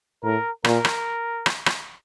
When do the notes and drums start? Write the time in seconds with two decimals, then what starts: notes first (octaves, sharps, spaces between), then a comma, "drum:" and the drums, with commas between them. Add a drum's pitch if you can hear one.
0.23 A2 A#4
0.64 A#2 A#4, drum: rim click
0.85 drum: rim click
1.46 drum: rim click
1.66 drum: rim click